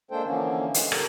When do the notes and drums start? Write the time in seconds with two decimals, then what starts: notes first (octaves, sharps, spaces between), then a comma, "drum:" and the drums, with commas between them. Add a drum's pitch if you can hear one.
0.11 G#3 A#3 D4 A4 C5 G5
0.25 D3 E3 F3 A#3 C#4
0.74 G#3, drum: hi-hat
0.92 G4 A4 A#4 G5 A5, drum: rim click